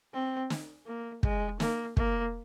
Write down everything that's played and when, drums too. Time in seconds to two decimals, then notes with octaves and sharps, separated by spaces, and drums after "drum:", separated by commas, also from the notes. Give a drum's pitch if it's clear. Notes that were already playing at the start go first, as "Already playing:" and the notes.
0.13 C4
0.50 drum: snare
0.87 A#3
1.23 G#3, drum: kick
1.60 A#3, drum: snare
1.97 A#3, drum: kick